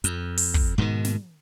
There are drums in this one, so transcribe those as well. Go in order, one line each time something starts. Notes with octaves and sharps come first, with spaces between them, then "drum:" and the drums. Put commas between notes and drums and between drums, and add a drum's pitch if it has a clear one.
F2, drum: hi-hat
drum: open hi-hat
drum: kick
G#2 B2 D3 D#3
drum: snare